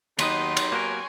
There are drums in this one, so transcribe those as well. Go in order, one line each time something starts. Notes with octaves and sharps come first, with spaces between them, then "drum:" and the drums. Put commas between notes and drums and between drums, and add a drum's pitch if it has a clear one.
D#2 F#3 B3 D#4 G4 B4 D#5 C6, drum: cymbal
drum: cymbal
A#3 F#4 A#4 G#5 C#6